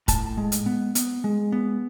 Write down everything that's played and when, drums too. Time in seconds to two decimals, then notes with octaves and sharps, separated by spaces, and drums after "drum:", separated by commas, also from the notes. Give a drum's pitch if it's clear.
0.08 A2 A5, drum: kick, hi-hat
0.37 G#3
0.52 drum: hi-hat
0.66 B3
0.95 B3, drum: hi-hat
1.24 G#3
1.52 B3